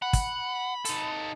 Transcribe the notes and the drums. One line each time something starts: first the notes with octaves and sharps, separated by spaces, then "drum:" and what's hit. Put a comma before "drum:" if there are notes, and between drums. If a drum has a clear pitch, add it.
F#5 B5
drum: kick, hi-hat
D#4 A4, drum: hi-hat